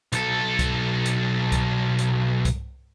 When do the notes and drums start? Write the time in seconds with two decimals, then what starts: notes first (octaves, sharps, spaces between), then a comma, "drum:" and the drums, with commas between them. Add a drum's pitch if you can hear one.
0.13 B1 A4, drum: hi-hat
0.59 drum: kick C2, hi-hat
1.06 drum: hi-hat
1.52 drum: kick C2, hi-hat
1.99 drum: hi-hat
2.45 drum: kick C2, hi-hat